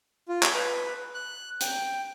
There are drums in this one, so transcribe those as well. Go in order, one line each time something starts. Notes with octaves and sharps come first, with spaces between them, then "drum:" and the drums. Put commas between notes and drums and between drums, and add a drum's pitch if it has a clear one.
F4
drum: clap
B4
F#6
G5, drum: hi-hat